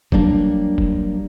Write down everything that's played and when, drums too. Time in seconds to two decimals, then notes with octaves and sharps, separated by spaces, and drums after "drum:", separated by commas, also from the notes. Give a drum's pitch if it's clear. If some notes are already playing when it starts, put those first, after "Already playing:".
0.12 F#3 G3 A#3 D4, drum: kick
0.78 drum: kick